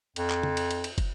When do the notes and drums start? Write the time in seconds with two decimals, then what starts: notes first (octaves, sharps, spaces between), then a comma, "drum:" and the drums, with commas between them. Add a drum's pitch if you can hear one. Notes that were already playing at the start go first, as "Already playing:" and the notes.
0.16 F2, drum: cymbal
0.30 drum: clap
0.43 drum: tom
0.57 drum: cymbal
0.71 drum: cymbal
0.84 drum: cymbal
0.98 drum: kick, cymbal